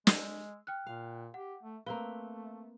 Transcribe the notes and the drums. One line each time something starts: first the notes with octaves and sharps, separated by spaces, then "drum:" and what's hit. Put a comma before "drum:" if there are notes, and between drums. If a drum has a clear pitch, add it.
G#3 E6, drum: snare
G5 F6 F#6
A#2 F5
G4 F#5
A3
A3 A#3 C4 B4 F5 G7